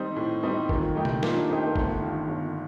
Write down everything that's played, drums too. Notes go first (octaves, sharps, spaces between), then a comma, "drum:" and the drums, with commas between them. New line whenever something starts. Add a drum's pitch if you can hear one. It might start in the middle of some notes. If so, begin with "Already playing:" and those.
Already playing: D#3 G3 C4 D#4
A2
G3 C4 D#4
A#2 D#3, drum: kick G1
G3 A3 D#4 G4
drum: tom B2
A#2 A#3, drum: snare
D4
A3 C4 D#4 G4
A#3
G1 A3, drum: kick G1
G2 D#3
G1